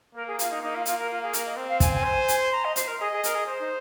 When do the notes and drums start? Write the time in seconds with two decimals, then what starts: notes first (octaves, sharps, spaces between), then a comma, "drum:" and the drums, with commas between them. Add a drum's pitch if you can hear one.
0.14 A#3 A#4
0.27 G#4
0.39 F4, drum: hi-hat
0.50 D#4
0.62 A#3 D#4
0.74 F4
0.86 F4, drum: hi-hat
0.98 A#4
1.10 F4
1.22 G#4
1.33 A#4, drum: hi-hat
1.45 D#5
1.57 C4
1.68 F5
1.80 G#5, drum: kick, hi-hat
1.93 G#5
2.04 C5
2.28 drum: hi-hat
2.41 C6
2.53 A#5
2.64 D#5
2.76 C5, drum: hi-hat
2.87 A#4
2.99 G#4 D#5
3.12 G#4
3.24 A#4, drum: hi-hat
3.34 G#4
3.47 C5
3.59 D#4